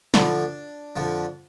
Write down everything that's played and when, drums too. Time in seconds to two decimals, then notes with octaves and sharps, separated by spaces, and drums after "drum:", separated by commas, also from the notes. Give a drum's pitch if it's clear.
0.14 D2 D3 F3 D4, drum: snare
0.96 F2 D3 F3